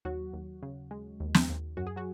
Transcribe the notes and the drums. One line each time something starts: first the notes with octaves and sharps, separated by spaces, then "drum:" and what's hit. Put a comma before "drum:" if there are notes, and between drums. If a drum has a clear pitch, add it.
D#2 F#3 F#4
D#2
C#3
G#3
D#2
drum: snare
D#2
F#2 F#4
G#4
F#3 F#4